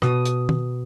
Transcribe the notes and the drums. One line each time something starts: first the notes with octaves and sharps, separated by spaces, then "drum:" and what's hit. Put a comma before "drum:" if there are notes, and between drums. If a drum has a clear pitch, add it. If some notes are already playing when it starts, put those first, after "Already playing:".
B2 D#6 D#7, drum: rim click
drum: hi-hat
drum: tom